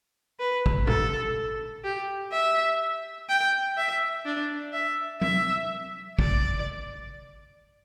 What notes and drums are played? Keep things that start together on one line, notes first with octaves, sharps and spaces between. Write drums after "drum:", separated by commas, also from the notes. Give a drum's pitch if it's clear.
B4
drum: kick
A4, drum: tom A#2
G4
E5
G5
E5
D4
E5
E5, drum: tom F#3
D5, drum: kick